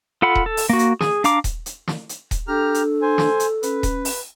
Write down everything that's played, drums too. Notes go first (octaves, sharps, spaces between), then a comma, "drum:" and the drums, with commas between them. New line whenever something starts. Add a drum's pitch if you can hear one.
F4 A4 F#5 B5
drum: kick D#1
A4
drum: open hi-hat
A#3 F#4
drum: hi-hat
G#4, drum: snare
D4 F5 A#5 D6, drum: hi-hat
drum: kick D#1, hi-hat
drum: hi-hat
drum: snare
drum: hi-hat
drum: kick D#1, hi-hat
D4 G4 A4 A#5 F6
drum: hi-hat
C5 G#5
drum: snare
drum: hi-hat
C#4 B4, drum: hi-hat
drum: kick D#1, hi-hat
drum: open hi-hat